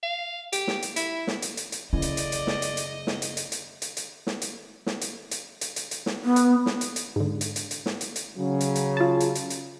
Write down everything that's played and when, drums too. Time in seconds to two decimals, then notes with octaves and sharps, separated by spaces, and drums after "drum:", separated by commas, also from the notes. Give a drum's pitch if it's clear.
0.03 F5
0.53 G4, drum: hi-hat
0.68 drum: snare
0.82 drum: hi-hat
0.96 E4, drum: hi-hat
1.27 drum: snare
1.42 drum: hi-hat
1.57 drum: hi-hat
1.72 drum: hi-hat
1.93 F#1 E4 D5 D#5
2.02 drum: hi-hat
2.17 drum: hi-hat
2.32 drum: hi-hat
2.47 drum: snare
2.62 drum: hi-hat
2.77 drum: hi-hat
3.07 drum: snare
3.22 drum: hi-hat
3.37 drum: hi-hat
3.52 drum: hi-hat
3.82 drum: hi-hat
3.97 drum: hi-hat
4.27 drum: snare
4.42 drum: hi-hat
4.86 drum: snare
5.01 drum: hi-hat
5.31 drum: hi-hat
5.61 drum: hi-hat
5.76 drum: hi-hat
5.91 drum: hi-hat
6.06 drum: snare
6.24 B3
6.36 drum: hi-hat
6.66 drum: snare
6.81 drum: hi-hat
6.96 drum: hi-hat
7.16 G#2 D3
7.41 drum: hi-hat
7.56 drum: hi-hat
7.71 drum: hi-hat
7.86 drum: snare
8.01 drum: hi-hat
8.16 drum: hi-hat
8.38 C#3 F#3
8.61 drum: hi-hat
8.76 drum: hi-hat
8.97 F4 A5
9.20 drum: hi-hat
9.35 drum: hi-hat
9.50 drum: hi-hat